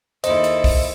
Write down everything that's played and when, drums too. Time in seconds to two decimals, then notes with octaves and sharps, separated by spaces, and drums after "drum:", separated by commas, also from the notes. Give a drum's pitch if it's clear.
0.24 D#2 E4 A4 C5 D#5, drum: hi-hat
0.44 drum: hi-hat
0.64 drum: kick, open hi-hat